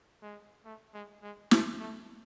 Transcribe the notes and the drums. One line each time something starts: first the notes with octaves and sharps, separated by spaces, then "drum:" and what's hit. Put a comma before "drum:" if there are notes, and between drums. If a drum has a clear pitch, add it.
G#3
A3
G#3
G#3
A3, drum: snare
A3